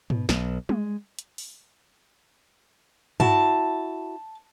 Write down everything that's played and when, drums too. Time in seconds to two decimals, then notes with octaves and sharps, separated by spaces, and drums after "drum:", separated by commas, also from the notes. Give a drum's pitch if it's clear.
0.10 B2, drum: tom
0.29 B1, drum: snare
0.69 G#3, drum: tom
1.19 drum: hi-hat
1.38 drum: open hi-hat
3.20 E4 F#4 A5, drum: tom